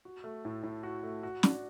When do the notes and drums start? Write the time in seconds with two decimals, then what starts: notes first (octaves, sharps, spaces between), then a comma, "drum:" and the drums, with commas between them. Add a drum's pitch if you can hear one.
0.05 F#4
0.24 A3
0.45 A2
0.63 A2
0.83 F#4
1.03 A3
1.23 F#4
1.43 D4, drum: snare